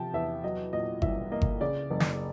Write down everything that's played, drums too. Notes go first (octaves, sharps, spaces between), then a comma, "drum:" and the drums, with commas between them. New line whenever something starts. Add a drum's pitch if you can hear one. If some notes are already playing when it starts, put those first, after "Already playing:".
Already playing: C3 F3 G5 A5
E2 E5
F#3 D#5
A#2 D#5
C2 E5, drum: kick G1
A#3 D#5
drum: kick G1
C#3 D5
F#1
drum: snare